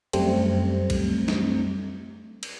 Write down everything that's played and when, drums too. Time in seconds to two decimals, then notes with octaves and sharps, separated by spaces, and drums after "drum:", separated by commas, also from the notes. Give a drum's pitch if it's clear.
0.13 F#2 G3 A3 C4, drum: cymbal
0.90 drum: kick A#1, cymbal
1.28 drum: snare
2.43 drum: cymbal